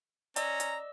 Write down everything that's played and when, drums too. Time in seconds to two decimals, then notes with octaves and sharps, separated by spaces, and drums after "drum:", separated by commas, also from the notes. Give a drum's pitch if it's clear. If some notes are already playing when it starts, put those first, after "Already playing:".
0.36 C#4 D5 D#5 A#5 E6, drum: hi-hat
0.60 drum: hi-hat